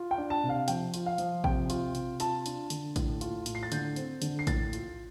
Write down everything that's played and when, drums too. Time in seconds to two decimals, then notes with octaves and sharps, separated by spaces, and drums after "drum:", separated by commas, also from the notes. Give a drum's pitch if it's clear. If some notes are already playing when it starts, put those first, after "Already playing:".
Already playing: F4
0.11 G5
0.18 D4
0.30 A5
0.44 C3
0.49 F5
0.68 F3 G5, drum: hi-hat
0.94 F4, drum: hi-hat
1.06 F5
1.18 F3, drum: hi-hat
1.44 C3 G5, drum: kick A1
1.70 F4, drum: hi-hat
1.95 C3, drum: hi-hat
2.20 F4 A5, drum: hi-hat
2.46 D4, drum: hi-hat
2.70 D3, drum: hi-hat
2.96 A2, drum: kick A1, hi-hat
3.21 F4, drum: hi-hat
3.46 A2, drum: hi-hat
3.55 C7
3.63 A6
3.72 D3 G6, drum: hi-hat
3.96 C4, drum: hi-hat
4.22 D3, drum: hi-hat
4.39 C7
4.47 A2 A6, drum: kick A1, hi-hat
4.73 F4, drum: hi-hat